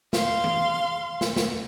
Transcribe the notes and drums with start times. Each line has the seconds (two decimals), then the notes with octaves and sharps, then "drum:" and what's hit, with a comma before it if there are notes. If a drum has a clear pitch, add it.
0.13 F5 C6, drum: snare
0.44 drum: tom E3
1.21 drum: snare
1.36 drum: snare